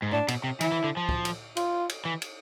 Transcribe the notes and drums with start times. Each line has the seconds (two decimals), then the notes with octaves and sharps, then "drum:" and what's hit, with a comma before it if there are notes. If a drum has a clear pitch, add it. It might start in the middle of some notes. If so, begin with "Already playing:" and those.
0.02 G#2
0.12 A2 D4
0.28 B2, drum: cymbal
0.44 C3
0.61 E3 E4, drum: cymbal
0.72 E3
0.84 D3
0.97 F3
1.09 drum: kick
1.25 drum: cymbal
1.57 F4, drum: cymbal
1.89 drum: cymbal
2.05 E3
2.22 drum: cymbal